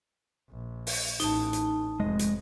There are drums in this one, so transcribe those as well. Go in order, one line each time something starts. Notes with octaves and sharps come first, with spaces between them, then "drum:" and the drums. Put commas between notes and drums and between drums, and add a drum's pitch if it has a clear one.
A#1
drum: open hi-hat
A1 D#4 A5, drum: hi-hat
drum: hi-hat
F1 G#3 D#5
drum: hi-hat